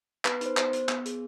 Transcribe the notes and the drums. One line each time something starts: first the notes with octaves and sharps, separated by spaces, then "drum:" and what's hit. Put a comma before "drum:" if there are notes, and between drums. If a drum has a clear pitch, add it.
B3 B4, drum: clap
D#4 C5, drum: hi-hat
B3 C5, drum: clap
B3, drum: hi-hat
B3, drum: clap
G#4, drum: hi-hat